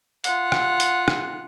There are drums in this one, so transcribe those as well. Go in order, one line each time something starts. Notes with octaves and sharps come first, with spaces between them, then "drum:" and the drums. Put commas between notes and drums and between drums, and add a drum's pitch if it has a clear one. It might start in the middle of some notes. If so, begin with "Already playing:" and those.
F4 F#5, drum: hi-hat
drum: rim click
drum: hi-hat
drum: rim click